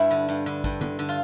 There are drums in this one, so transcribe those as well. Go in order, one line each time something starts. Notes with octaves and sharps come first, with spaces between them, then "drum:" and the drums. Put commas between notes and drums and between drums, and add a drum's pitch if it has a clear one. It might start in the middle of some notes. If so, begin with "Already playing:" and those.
Already playing: G2 E4
D3
G2
D3
G2, drum: kick G#1
D3, drum: tom D3
D3
F4